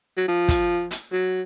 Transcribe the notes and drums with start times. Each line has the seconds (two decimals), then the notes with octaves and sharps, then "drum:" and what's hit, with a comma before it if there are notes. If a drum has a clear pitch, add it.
0.17 F#3
0.28 F3
0.48 drum: kick, hi-hat
0.91 drum: hi-hat
1.12 F#3